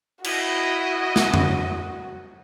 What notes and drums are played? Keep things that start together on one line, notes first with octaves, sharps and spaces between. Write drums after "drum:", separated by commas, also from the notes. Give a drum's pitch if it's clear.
E4 F#4 D#5, drum: cymbal
drum: snare
drum: tom F2